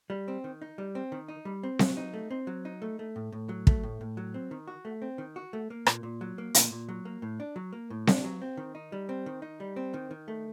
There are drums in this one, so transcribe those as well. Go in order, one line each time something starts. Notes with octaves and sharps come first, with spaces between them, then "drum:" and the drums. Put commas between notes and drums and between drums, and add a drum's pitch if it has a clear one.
G3
C4
D#3
D#4
G3
C4
D#3
D#4
G3
C4
F#3, drum: snare C4
D#4
A3
C4
F#3
D#4
A3
A3
A2
A2
F#3
A3, drum: kick
A2
A2
F#3
C4
D#3
F#4
A3
C4
D#3
F#4
A3
A#3
A#2, drum: rim click
A#2
F#3
A#3
A#2, drum: hi-hat
A#2
F#3
A#3
A2
D4
F#3
A#3
A2
D4, drum: snare C4
F#3
C4
D#3
D#4
G3
C4
D#3
D#4
G3
C4
D#3
D#3
A3